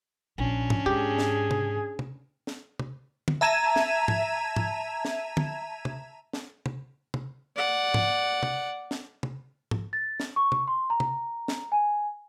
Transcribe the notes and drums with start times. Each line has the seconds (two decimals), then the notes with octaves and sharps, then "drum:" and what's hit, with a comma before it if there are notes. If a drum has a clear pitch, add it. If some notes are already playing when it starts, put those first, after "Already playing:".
0.38 A#1 C#4 D4
0.70 drum: tom G#2
0.86 G#2 G4 G#4
1.19 drum: snare
1.51 drum: tom
1.99 drum: tom
2.47 drum: snare
2.79 drum: tom
3.28 drum: tom
3.41 E5 A5 A#5 G#6 D#7 E7
3.76 drum: snare
4.08 drum: tom G#2
4.56 drum: tom G#2
5.05 drum: snare
5.37 drum: tom
5.85 drum: tom
6.33 drum: snare
6.66 drum: tom
7.14 drum: tom
7.56 D5 F#5
7.94 drum: tom G#2
8.43 drum: tom
8.91 drum: snare
9.23 drum: tom
9.71 drum: tom G#2
9.93 A6
10.20 drum: snare
10.36 C#6
10.52 drum: tom
10.68 C6
10.90 A#5
11.00 drum: tom
11.48 drum: snare
11.72 G#5